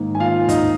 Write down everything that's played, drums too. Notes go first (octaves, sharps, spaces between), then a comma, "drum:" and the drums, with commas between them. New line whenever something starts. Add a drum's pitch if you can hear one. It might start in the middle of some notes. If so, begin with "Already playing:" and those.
Already playing: G#2 D#3 A#3
G#5
F4 F5
D#4 D#5, drum: kick, hi-hat